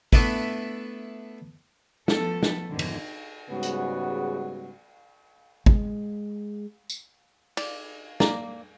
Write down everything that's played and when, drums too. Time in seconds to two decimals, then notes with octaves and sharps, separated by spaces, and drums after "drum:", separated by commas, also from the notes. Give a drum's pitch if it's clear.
0.13 A3 B3 D4 E4 B4, drum: kick G#1
2.08 F3 A3 B3 A4, drum: snare
2.43 drum: snare
2.69 F2 G#2 B2 D3 D#3 F3
2.79 drum: cymbal
3.50 G#2 C#3 G3 G#3 B3 F#4
3.63 drum: hi-hat
5.66 G#3, drum: kick G#1
6.90 drum: tambourine
7.57 D5, drum: cymbal
8.20 A#3 D5, drum: snare